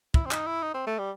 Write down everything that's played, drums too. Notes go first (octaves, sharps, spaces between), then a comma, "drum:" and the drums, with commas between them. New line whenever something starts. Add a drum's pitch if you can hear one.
E4, drum: kick
C4
D#4, drum: clap
E4
D#4
C4
A3
G3